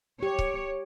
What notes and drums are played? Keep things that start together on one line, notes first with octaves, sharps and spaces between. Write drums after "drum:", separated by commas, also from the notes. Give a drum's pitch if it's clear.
G4 C#5
drum: kick C#1